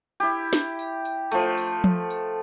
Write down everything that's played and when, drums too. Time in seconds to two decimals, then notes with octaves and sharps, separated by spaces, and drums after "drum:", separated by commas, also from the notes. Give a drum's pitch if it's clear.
0.20 E4 G4
0.53 drum: snare
0.79 drum: tambourine
1.05 drum: tambourine
1.31 F3 A3, drum: tambourine
1.58 drum: tambourine
1.84 drum: tom F3
2.10 drum: tambourine